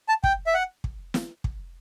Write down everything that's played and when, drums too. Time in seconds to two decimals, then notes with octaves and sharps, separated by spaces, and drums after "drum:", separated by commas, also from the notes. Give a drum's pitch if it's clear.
0.08 A5
0.24 G5, drum: kick
0.46 E5
0.54 F#5
0.84 drum: kick
1.14 drum: snare
1.44 drum: kick